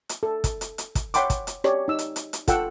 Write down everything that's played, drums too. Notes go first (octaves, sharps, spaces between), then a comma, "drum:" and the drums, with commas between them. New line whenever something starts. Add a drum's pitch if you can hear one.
drum: hi-hat
A4
drum: kick, hi-hat
drum: hi-hat
drum: hi-hat
drum: kick, hi-hat
C#5 F#5 G5 B5 C6 D6, drum: hi-hat
drum: kick, hi-hat
drum: hi-hat
G4 C#5 D5, drum: rim click
D#4 E6
drum: hi-hat
drum: hi-hat
drum: hi-hat
F4 A4 F#5 G5 E6, drum: kick, hi-hat